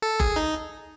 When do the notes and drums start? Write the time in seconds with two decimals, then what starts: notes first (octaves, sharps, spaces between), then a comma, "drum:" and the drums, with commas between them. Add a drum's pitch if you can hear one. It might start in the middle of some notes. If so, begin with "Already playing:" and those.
0.02 A4
0.20 G#4, drum: kick F#1
0.36 D#4